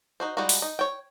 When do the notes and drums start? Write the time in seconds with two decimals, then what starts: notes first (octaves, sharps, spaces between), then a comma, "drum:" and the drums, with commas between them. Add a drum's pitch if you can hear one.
0.20 D#4 F#4 C5
0.37 G3 G#3 D#4 F4 F#4
0.49 drum: open hi-hat
0.62 D#4
0.79 C#5 G5